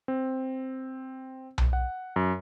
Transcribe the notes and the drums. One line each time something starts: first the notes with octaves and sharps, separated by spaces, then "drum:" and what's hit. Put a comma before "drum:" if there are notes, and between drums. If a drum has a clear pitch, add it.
C4
drum: tom B1
F#5
F#2